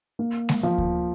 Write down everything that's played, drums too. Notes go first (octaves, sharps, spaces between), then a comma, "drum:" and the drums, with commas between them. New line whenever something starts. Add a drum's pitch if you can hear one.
A#3
drum: snare G#3
F3
drum: kick D2